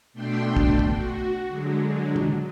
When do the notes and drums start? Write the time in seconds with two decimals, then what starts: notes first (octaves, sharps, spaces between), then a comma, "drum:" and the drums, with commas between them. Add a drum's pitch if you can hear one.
0.13 B2 A3 D4 G5 C6
0.57 drum: kick
0.79 drum: kick
0.90 F#4
1.48 D3 F#3 G#3
2.16 drum: tom